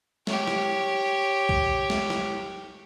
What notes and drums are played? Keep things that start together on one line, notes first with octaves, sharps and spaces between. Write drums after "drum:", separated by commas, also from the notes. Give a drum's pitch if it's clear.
G4 C#5, drum: snare
drum: snare
drum: kick
drum: snare
drum: snare